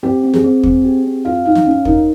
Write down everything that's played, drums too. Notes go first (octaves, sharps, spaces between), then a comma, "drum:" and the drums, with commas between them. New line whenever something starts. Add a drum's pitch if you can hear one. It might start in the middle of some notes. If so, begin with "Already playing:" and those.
C4 G4
C4
G#4, drum: snare
C4
C4, drum: kick
G4
C4
F4 F5
D#4 F5
drum: snare
C#4 C#5
D#4 A#4, drum: kick